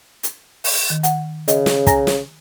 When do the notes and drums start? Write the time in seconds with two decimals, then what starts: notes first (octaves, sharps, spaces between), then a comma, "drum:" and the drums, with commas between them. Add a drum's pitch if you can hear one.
0.23 drum: hi-hat
0.64 drum: open hi-hat
0.90 D#3
1.03 F#5, drum: hi-hat
1.48 C#3 D#5, drum: hi-hat
1.66 drum: snare
1.87 G#5 A#5 A#6, drum: kick, hi-hat
2.07 drum: snare